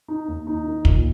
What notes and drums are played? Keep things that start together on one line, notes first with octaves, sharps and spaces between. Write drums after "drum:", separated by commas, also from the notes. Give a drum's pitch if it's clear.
D#4
D#2
D#4
D#3
A#2, drum: kick